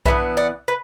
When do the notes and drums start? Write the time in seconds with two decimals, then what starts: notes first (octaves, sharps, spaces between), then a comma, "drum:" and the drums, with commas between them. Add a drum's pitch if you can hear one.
0.06 E3 B3 D4 B4 E5, drum: kick B1
0.37 D5 F#5
0.68 B4